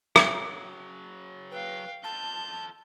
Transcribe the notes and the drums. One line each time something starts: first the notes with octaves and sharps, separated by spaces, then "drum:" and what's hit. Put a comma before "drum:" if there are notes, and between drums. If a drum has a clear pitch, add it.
C#3 F#3, drum: rim click
B4 F5 G5
F4 A4 A5 G6